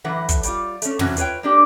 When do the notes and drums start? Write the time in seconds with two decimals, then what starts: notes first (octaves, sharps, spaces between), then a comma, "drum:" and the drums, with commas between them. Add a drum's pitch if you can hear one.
0.04 F#2 A2 E3 B4 F#5
0.29 drum: kick, hi-hat
0.43 G3 F4, drum: hi-hat
0.82 A3 C#4, drum: hi-hat
0.99 C3 E3 F#3 A3 C#4 F#4, drum: tom
1.17 F4 B4 C#5 G5, drum: hi-hat
1.43 A#3 D4 G4